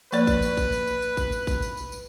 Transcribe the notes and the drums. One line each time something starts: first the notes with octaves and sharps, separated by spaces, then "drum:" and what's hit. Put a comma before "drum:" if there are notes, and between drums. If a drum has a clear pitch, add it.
F3 A#3 B4 D5, drum: tambourine
drum: kick A1, tambourine
drum: tambourine
drum: kick A1, tambourine
drum: tambourine
drum: tambourine
drum: tambourine
drum: kick A1, tambourine
drum: tambourine
drum: kick A1, tambourine
drum: tambourine
drum: tambourine
drum: tambourine